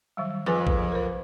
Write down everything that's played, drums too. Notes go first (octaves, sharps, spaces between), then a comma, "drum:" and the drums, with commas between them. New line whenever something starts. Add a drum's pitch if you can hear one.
D#3 F#3 G3
F2 G#4 B4 G#5
drum: kick
A#4 C5